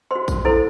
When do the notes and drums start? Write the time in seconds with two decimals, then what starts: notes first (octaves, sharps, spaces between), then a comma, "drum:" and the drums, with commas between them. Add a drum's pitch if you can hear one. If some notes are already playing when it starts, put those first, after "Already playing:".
0.11 F#4 C5 C6
0.28 drum: kick, tambourine
0.45 E4 A4 C5